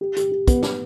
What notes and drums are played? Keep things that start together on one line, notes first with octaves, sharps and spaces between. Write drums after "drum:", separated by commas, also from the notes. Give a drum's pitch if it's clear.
G4
G4, drum: hi-hat
G4
B3, drum: kick, hi-hat
B3, drum: snare